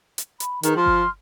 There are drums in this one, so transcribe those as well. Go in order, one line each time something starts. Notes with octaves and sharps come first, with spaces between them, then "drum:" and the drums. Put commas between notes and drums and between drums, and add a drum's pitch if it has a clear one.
drum: hi-hat
B5, drum: hi-hat
D#3 G#4 B4 A#5, drum: hi-hat
F3 C6 F6
drum: kick G1